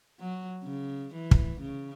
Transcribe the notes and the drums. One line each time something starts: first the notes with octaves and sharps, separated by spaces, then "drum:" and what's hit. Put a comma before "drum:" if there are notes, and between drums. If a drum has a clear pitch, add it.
F#3
C#3
E3
drum: kick
C#3